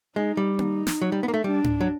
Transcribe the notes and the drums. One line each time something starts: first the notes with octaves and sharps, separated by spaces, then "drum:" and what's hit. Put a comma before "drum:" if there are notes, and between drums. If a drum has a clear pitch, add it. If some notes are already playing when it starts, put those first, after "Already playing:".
G#3 D#4
G3
D#4, drum: tom A#3
drum: snare
F#3
G3
B3
A#3
A3
G3 D4
drum: tom G#2
F#3